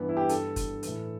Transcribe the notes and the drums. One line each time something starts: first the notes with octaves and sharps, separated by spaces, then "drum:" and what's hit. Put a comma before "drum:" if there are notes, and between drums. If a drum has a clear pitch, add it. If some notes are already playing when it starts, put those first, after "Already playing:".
Already playing: G2 E3 B3
E4
G4
G2 D3 A4, drum: hi-hat
drum: kick, hi-hat
A2 E3, drum: hi-hat